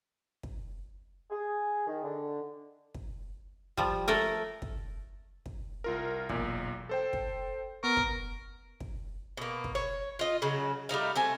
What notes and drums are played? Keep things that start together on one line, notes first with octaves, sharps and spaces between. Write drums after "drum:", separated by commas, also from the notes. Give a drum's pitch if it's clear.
drum: kick
G#4
D#3
D3
drum: kick
F3 G3, drum: kick
A3 A4 A#4
drum: kick
drum: kick
C2 F4 A#4
B1 E2 A#2, drum: kick
A4 C5 G5
drum: kick
B3 A#4 C#6
drum: kick
drum: kick
B2 A#3
drum: kick
C#5
F4 D#5
C#3 F#3
G3 A3 D#4 F5
A3 C4 G#5